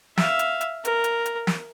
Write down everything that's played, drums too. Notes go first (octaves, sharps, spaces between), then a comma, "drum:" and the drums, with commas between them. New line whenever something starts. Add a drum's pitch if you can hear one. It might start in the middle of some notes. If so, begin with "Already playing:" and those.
E5 F5, drum: snare
drum: hi-hat
drum: hi-hat
A#4, drum: hi-hat
drum: hi-hat
drum: hi-hat
drum: snare